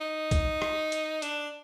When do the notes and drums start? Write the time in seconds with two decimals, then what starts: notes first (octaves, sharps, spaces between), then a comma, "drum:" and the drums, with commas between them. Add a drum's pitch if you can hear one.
0.01 D#4
0.31 drum: kick B1, hi-hat
0.62 drum: rim click
0.92 drum: hi-hat
1.22 D4, drum: hi-hat